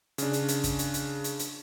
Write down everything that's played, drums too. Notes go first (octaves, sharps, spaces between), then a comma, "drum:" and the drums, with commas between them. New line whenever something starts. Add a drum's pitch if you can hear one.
C#3 D4, drum: hi-hat
drum: hi-hat
drum: hi-hat
drum: kick, hi-hat
drum: hi-hat
drum: hi-hat
drum: hi-hat
drum: hi-hat